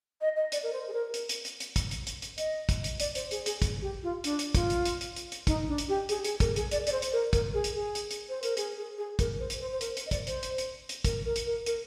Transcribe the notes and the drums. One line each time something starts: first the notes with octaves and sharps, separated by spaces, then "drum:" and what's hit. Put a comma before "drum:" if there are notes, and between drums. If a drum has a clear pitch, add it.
D#5
D#5
D5, drum: hi-hat
A#4
C5
G#4
A#4
drum: hi-hat
drum: hi-hat
drum: hi-hat
drum: hi-hat
drum: kick, hi-hat
drum: hi-hat
drum: hi-hat
drum: hi-hat
D#5, drum: hi-hat
drum: kick, hi-hat
drum: hi-hat
D5, drum: hi-hat
C5, drum: hi-hat
G#4, drum: hi-hat
G#4, drum: hi-hat
drum: kick, hi-hat
G4
F4
D4, drum: hi-hat
drum: hi-hat
F4, drum: kick, hi-hat
drum: hi-hat
drum: hi-hat
drum: hi-hat
drum: hi-hat
drum: hi-hat
D#4, drum: kick, hi-hat
D4
drum: hi-hat
G4
G#4, drum: hi-hat
G#4, drum: hi-hat
A#4, drum: kick, hi-hat
G#4, drum: hi-hat
D5, drum: hi-hat
D5, drum: hi-hat
C5
drum: hi-hat
A#4
A#4, drum: kick, hi-hat
G#4
drum: hi-hat
G#4
drum: hi-hat
drum: hi-hat
C5
A#4, drum: hi-hat
G#4, drum: hi-hat
G#4
G#4
A#4, drum: kick, hi-hat
C5
drum: hi-hat
C5
C5
A#4, drum: hi-hat
C5, drum: hi-hat
D#5
D5, drum: kick, hi-hat
C5, drum: hi-hat
drum: hi-hat
drum: hi-hat
drum: hi-hat
A#4, drum: kick, hi-hat
A#4
drum: hi-hat
A#4
A#4, drum: hi-hat